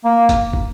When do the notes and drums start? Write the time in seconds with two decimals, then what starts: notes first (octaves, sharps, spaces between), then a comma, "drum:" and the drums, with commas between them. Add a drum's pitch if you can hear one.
0.04 A#3
0.29 drum: kick, hi-hat
0.53 drum: kick